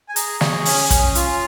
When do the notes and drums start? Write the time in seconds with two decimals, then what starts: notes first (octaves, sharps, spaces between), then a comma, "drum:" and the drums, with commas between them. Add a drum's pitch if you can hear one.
0.09 G#5
0.16 G#4 A#5, drum: hi-hat
0.41 G#4 C#6, drum: snare
0.65 C#4 F6, drum: open hi-hat
0.75 D#6
0.82 F6
0.90 C#4, drum: kick, hi-hat
0.99 D#6
1.15 F4 F6, drum: hi-hat